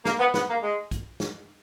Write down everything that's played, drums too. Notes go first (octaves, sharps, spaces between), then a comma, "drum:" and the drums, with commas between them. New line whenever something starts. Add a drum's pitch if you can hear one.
A#3, drum: snare
B3
B3, drum: snare
A#3
G#3
drum: kick, hi-hat
drum: snare